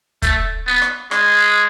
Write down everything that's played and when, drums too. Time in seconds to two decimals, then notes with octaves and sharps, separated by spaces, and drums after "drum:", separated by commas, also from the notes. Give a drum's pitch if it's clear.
0.22 A3, drum: kick, hi-hat
0.67 B3
0.82 drum: rim click
1.11 G#3, drum: rim click